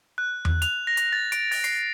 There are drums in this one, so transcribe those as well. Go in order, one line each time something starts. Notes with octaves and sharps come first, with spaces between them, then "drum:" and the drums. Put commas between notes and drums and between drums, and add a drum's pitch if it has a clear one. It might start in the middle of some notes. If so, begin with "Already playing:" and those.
F#6
drum: tom E2
F7, drum: hi-hat
A#6
drum: hi-hat
A6
D7, drum: hi-hat
A6, drum: open hi-hat
C7, drum: hi-hat